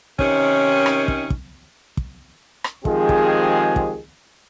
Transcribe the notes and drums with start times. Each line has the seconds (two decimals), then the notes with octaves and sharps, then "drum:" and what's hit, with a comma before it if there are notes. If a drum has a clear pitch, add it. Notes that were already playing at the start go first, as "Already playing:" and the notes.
0.19 C3 D#3 C#4, drum: kick
0.86 drum: rim click
1.08 drum: kick
1.30 drum: kick
1.97 drum: kick
2.64 drum: rim click
2.85 D#3 F3 G#3 C4 G4 G#4, drum: kick
3.09 drum: kick
3.76 drum: kick